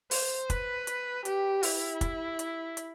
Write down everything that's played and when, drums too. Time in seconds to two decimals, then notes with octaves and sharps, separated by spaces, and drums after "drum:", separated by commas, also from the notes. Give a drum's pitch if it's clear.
0.11 C5, drum: open hi-hat
0.50 B4, drum: kick, hi-hat
0.87 drum: hi-hat
1.25 G4, drum: hi-hat
1.63 E4, drum: open hi-hat
2.01 drum: kick, hi-hat
2.39 drum: hi-hat
2.77 drum: hi-hat